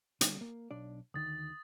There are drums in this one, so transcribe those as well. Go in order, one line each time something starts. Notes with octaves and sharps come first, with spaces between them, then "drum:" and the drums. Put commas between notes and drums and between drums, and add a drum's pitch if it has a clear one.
D3 G3, drum: hi-hat
A#3
B1 D4 D5
D2 D#3 D#6 A6